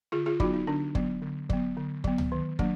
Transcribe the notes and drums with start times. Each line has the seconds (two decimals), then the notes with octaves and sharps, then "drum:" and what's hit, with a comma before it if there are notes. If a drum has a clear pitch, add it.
0.12 D3 F4 G#4
0.26 F4 G#4
0.40 F#3 B3 D#4 F#4, drum: kick
0.54 D#4
0.67 D3 D4
0.95 F#3 B3, drum: kick
1.22 D3
1.50 F#3 B3, drum: kick
1.77 D3
2.04 F#3 B3, drum: kick
2.18 drum: tom C#2
2.32 D#3
2.59 F#3 A#3 D4, drum: kick